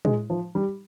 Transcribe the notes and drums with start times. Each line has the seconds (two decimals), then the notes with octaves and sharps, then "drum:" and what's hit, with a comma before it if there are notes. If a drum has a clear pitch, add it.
0.05 G#3, drum: tom
0.30 F3
0.55 G3